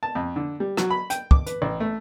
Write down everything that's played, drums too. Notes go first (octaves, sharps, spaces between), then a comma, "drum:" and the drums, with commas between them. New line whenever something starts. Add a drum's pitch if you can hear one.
A5
F2
D3
G3
F#3, drum: rim click
B5
G5, drum: hi-hat
D6, drum: kick
B4, drum: hi-hat
A1
A3